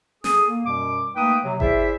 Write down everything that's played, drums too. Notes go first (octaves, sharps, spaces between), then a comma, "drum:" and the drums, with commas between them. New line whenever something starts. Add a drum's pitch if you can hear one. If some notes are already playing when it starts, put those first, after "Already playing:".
G#4 A4 D#6, drum: snare
A#3
F#2 B2 G3 D6
A3 A#3 D#4 B4 G5 D#6
C3 F#3
E4 G#4 C5 D5 E5, drum: kick G1